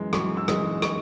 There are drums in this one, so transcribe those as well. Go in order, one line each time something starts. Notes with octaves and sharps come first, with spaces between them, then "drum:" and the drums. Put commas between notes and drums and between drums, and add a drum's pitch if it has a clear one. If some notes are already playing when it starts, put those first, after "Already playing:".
Already playing: F#2 E3 G#3
F#2 C#6, drum: rim click
E6
E3 G#3 D#6, drum: rim click
C#6, drum: rim click